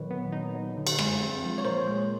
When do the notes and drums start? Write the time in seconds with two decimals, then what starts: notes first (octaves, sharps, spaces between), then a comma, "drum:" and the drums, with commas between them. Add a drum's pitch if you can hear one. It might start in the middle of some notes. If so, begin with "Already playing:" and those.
Already playing: A#2 D#3 F#3 B4 C#5
0.10 B3
0.32 D#4
0.55 F#3
0.76 D3
0.87 drum: cymbal
0.99 G#3, drum: rim click
1.21 C4
1.42 F3
1.58 C#5
1.65 A#2 A#4 C5
1.86 G#3